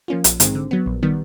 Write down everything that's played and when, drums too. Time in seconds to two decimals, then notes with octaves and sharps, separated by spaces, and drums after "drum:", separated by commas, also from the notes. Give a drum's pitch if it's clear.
0.08 F3 A#3 C#4 F4
0.24 A#1, drum: hi-hat
0.40 G#2 D#3 G#3 C4, drum: hi-hat
0.55 D3
0.71 F#3 B3
0.86 A#1
1.03 D#3 G3 B3